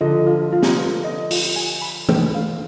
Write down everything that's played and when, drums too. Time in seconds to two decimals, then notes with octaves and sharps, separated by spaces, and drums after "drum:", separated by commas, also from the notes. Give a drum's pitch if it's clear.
0.01 D3 F3 D#5
0.27 F4
0.53 F4
0.63 drum: snare
0.78 B4
1.04 D#5
1.31 F4, drum: open hi-hat
1.56 G#5
1.82 B5
2.09 B4, drum: tom E3
2.35 F5